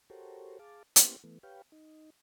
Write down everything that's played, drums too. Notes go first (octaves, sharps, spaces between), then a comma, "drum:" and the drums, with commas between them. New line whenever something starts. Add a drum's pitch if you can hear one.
F#4 G4 A4 A#4 C5 C#5
G#4 F5 A5 D6
A#3 B3 C#4 E4 G4 C5, drum: hi-hat
E3 A3 B3
G4 B4 C#5 F5 G5
D#4